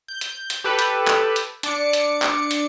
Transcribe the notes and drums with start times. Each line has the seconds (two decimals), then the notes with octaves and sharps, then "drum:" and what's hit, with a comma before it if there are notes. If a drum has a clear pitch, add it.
0.08 G6
0.21 drum: hi-hat
0.50 drum: hi-hat
0.64 G4 A4 B4
0.79 drum: hi-hat
1.07 drum: clap
1.36 drum: hi-hat
1.63 D4 D6 C#7, drum: hi-hat
1.93 drum: hi-hat
2.22 drum: clap
2.51 drum: hi-hat